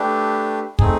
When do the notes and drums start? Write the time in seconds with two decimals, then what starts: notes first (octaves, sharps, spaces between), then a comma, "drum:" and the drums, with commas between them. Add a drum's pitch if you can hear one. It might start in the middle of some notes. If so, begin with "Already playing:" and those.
Already playing: A3 D4 G4 B4
0.79 A3 C4 D#4 G#4, drum: kick